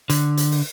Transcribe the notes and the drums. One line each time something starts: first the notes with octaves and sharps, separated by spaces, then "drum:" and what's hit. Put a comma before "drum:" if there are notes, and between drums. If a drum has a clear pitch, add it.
D3, drum: hi-hat
drum: hi-hat
drum: open hi-hat